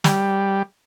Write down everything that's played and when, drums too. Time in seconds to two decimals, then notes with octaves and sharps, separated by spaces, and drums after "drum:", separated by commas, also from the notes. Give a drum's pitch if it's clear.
0.04 G3, drum: snare